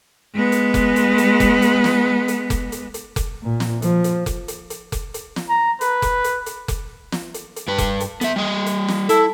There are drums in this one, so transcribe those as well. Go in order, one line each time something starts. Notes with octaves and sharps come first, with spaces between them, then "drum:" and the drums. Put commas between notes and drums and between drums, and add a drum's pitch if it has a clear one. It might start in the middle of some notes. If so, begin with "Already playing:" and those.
G#3 B3
drum: hi-hat
drum: kick F1, hi-hat
drum: hi-hat
drum: hi-hat
drum: kick F1, hi-hat
drum: hi-hat
drum: snare
drum: hi-hat
drum: kick F1, hi-hat
drum: hi-hat
drum: hi-hat
drum: kick F1, hi-hat
A#2
drum: snare
F3, drum: hi-hat
drum: hi-hat
drum: kick F1, hi-hat
drum: hi-hat
drum: hi-hat
drum: kick F1, hi-hat
drum: hi-hat
drum: snare
A#5
B4, drum: hi-hat
drum: kick F1, hi-hat
drum: hi-hat
drum: hi-hat
drum: kick F1, hi-hat
drum: snare
drum: hi-hat
drum: hi-hat
G2 B4
drum: kick F1, hi-hat
drum: hi-hat
B3 E5, drum: hi-hat
G3 D#5
drum: hi-hat
drum: snare
E4 A4, drum: hi-hat